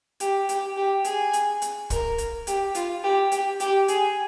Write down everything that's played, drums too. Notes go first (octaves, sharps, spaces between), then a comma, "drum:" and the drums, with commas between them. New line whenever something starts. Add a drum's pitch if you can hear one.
G4, drum: hi-hat
G4, drum: hi-hat
G4
G#4, drum: hi-hat
drum: hi-hat
drum: hi-hat
A#4, drum: kick, hi-hat
drum: hi-hat
G4, drum: hi-hat
F4, drum: hi-hat
G4
G4, drum: hi-hat
G4, drum: hi-hat
G#4, drum: hi-hat